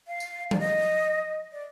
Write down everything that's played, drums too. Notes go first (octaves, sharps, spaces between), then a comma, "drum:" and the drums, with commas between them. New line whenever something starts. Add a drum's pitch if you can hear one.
F5
drum: tambourine
D5, drum: tom F3
D#5
D5